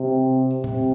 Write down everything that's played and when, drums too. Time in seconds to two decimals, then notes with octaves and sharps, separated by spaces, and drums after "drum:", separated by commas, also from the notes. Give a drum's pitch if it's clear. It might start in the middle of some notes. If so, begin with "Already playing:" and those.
Already playing: C3
0.51 drum: tambourine
0.64 C3, drum: tom A#2